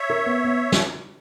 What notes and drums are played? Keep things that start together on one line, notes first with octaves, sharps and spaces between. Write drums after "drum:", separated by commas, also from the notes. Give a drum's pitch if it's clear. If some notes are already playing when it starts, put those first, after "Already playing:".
Already playing: C#5 E5
A#4
B3
B3
drum: snare